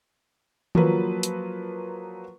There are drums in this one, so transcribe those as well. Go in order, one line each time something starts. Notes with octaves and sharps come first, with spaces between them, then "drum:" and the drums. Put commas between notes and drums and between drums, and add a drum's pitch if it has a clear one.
F3 F#3 A#3 B4, drum: tom D#3
drum: hi-hat